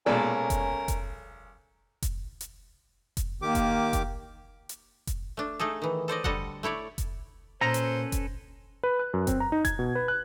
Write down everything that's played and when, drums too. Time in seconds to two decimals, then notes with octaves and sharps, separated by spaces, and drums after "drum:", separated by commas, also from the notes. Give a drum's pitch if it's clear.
0.06 B1 A#2 G#3 C#4 A4 A#4 D5
0.50 drum: kick F1, hi-hat
0.88 drum: kick F1, hi-hat
2.02 drum: kick F1, hi-hat
2.41 drum: hi-hat
3.17 drum: kick F1, hi-hat
3.42 D#3 A#3 G4 D6
3.55 drum: kick F1, hi-hat
3.93 drum: kick F1, hi-hat
4.69 drum: hi-hat
5.07 drum: kick F1, hi-hat
5.37 A3 D4
5.59 A3 D#4 G#4 A4
5.82 D#3 E3
6.08 A4 C5 D5 D#5
6.24 D3 G3 A4 D#5 F#5, drum: kick F1
6.63 A3 E4 C#5 D5
6.98 drum: kick F1, hi-hat
7.61 A#2 C#4 A4 B4 C5 A#5
7.74 drum: hi-hat
8.12 drum: kick F1, hi-hat
8.83 B4
8.99 F#6
9.14 F#2
9.27 C4, drum: kick F1, hi-hat
9.40 A#5
9.52 D#4
9.65 G#6, drum: kick F1, hi-hat
9.79 B2
9.95 B4
10.08 F#6